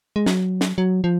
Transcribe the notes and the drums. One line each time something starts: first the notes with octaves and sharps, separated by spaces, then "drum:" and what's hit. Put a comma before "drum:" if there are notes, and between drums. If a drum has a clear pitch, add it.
G#3
F#3, drum: snare
drum: snare
F#3
F3